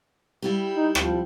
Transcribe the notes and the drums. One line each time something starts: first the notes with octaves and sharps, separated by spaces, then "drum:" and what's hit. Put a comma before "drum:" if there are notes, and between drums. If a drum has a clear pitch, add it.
G3 E4 G4
D#4
F3, drum: rim click